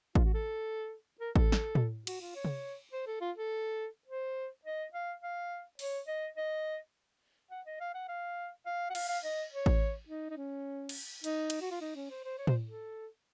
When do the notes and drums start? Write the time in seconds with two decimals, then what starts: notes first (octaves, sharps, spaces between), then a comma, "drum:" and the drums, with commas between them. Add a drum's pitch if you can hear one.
0.15 F4, drum: kick A1
0.24 F#4
0.34 A4
1.20 A#4
1.36 A4, drum: kick A1
1.52 drum: snare
1.75 drum: tom A2
2.07 F#4, drum: cymbal
2.21 F4
2.35 C#5
2.45 drum: tom C3
2.93 C5
3.07 A4
3.21 F4
3.36 A4
4.07 C5
4.65 D#5
4.93 F5
5.22 F5
5.79 C#5, drum: open hi-hat
6.08 D#5
6.37 D#5
7.51 F#5
7.66 D#5
7.80 F5
7.94 F#5
8.08 F5
8.66 F5
8.90 F#5
8.95 F5, drum: cymbal
9.08 F5
9.24 D#5
9.52 C#5
9.66 drum: kick A1
10.09 D#4
10.31 D#4
10.37 C#4
10.89 drum: cymbal
11.24 D#4, drum: hi-hat
11.50 drum: cymbal
11.61 F#4
11.71 F4
11.81 D#4
11.96 C#4
12.10 C5
12.25 C5
12.38 C#5
12.47 C5, drum: tom A2
12.67 A4